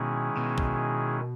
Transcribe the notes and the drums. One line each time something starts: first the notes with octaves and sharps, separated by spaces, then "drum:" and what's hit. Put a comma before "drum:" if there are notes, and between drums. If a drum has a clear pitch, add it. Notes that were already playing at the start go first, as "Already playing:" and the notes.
Already playing: B2 D#3 G#3 C#4 E4 G#4
B2
drum: kick